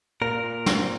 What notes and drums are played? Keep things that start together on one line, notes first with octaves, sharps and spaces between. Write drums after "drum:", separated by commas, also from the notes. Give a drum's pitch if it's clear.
A#2 A#4
A#2
C4, drum: snare